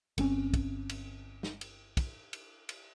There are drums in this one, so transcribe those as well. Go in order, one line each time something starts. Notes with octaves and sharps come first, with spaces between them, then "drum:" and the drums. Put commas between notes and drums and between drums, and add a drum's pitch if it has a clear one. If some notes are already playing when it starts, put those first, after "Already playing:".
G1 C4 C#4, drum: cymbal
drum: kick, cymbal
drum: cymbal
drum: snare
drum: cymbal
drum: kick, cymbal
drum: cymbal
drum: cymbal